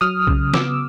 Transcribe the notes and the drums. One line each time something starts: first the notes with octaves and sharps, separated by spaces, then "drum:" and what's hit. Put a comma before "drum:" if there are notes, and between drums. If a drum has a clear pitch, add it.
F#3 D#6 F6
C#3, drum: kick B1
B3 D6 E6, drum: snare